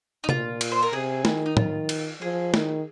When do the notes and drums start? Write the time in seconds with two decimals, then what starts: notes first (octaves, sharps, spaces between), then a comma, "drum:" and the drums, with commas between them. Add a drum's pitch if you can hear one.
0.24 D#4
0.29 A#2 F4, drum: tom
0.61 drum: cymbal
0.71 C5
0.83 A#4
0.93 C3 G#4
1.25 D#3, drum: snare
1.46 D#4
1.57 F4, drum: tom
1.89 drum: cymbal
2.21 F3 G#4
2.54 D#3, drum: snare